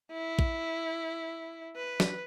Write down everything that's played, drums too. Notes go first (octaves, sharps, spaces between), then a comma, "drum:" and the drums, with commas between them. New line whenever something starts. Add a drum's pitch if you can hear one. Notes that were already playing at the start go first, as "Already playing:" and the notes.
E4
drum: kick
B4
drum: snare